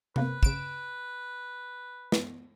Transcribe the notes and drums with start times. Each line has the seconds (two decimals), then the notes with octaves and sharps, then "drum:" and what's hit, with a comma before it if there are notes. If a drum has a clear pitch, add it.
0.16 C3 A#3 B3 B4, drum: tom C3
0.43 C#3 D7 E7, drum: kick
2.12 B3, drum: snare